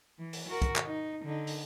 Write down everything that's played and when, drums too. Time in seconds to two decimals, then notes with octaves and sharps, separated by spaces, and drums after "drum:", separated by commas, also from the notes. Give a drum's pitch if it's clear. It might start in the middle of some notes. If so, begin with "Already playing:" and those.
0.19 E3
0.33 drum: open hi-hat
0.49 F#4 A#4
0.62 drum: kick, hi-hat
0.76 drum: clap
0.85 D#4
1.25 D3 D#4
1.47 drum: open hi-hat